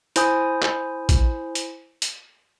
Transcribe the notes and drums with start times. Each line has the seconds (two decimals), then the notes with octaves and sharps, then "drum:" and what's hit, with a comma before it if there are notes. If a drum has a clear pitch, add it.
0.16 E4 C5 G#5 D#6, drum: hi-hat
0.62 drum: clap
1.09 drum: kick, hi-hat
1.55 drum: hi-hat
2.02 drum: hi-hat